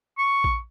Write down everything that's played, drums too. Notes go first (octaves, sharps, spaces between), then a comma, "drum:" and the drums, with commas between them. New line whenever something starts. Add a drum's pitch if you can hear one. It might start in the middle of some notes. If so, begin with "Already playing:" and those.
C#6
drum: kick A#1